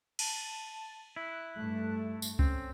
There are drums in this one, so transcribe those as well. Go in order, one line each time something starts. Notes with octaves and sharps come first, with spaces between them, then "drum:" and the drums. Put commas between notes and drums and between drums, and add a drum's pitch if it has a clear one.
A5, drum: cymbal
E4 F#6
G2 A3
drum: tambourine
C4 C#4, drum: kick C#2